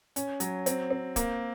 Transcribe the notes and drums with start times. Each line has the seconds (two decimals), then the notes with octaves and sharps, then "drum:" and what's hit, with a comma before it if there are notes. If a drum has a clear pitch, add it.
0.16 C#4, drum: hi-hat
0.40 F#3, drum: hi-hat
0.66 C4, drum: hi-hat
0.91 C4
1.16 A#3, drum: kick, hi-hat